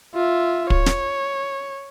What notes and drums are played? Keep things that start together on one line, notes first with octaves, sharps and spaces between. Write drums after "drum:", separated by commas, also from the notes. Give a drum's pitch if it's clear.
F4 E5
C#5, drum: kick
drum: snare